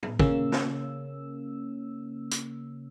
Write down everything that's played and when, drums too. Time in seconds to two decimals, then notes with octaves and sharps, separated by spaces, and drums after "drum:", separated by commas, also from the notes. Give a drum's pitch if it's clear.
0.03 drum: tom
0.19 C#3 A#3 C#4 E6, drum: kick
0.52 drum: snare
2.31 drum: hi-hat